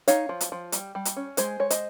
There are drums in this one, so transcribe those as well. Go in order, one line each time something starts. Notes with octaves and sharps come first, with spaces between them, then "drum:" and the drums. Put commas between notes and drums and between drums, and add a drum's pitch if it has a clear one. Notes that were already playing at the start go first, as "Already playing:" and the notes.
D#4 C#5 F5, drum: hi-hat
F3
drum: hi-hat
F3
G3, drum: hi-hat
G3
drum: hi-hat
C#4
G#3 G#4 C5, drum: hi-hat
G#3 C#5
C5 D#5, drum: hi-hat